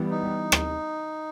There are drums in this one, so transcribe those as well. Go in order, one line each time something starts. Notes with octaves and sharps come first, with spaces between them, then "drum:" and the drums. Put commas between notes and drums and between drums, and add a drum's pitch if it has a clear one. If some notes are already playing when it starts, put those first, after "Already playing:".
Already playing: E3 G3 B3
D#4
drum: rim click